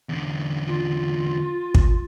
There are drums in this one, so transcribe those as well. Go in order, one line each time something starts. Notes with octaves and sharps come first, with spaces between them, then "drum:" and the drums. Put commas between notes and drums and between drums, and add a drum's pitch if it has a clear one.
E2 D3
F4
drum: kick